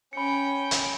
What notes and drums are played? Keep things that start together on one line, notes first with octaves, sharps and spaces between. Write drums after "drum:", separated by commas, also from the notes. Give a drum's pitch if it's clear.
C#4 G5 B5 C#7
drum: hi-hat